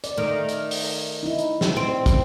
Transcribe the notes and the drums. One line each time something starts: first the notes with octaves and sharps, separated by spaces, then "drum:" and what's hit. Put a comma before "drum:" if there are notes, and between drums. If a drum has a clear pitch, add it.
D5, drum: hi-hat
D#3 A3
drum: hi-hat
drum: open hi-hat
D#4 E4
drum: hi-hat
drum: snare
C4
drum: kick, hi-hat